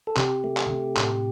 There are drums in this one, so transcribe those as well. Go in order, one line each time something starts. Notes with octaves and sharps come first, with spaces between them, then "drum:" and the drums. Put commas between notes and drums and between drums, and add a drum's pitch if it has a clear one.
A4
C3 G4, drum: clap
A3
drum: clap
C3
A2, drum: clap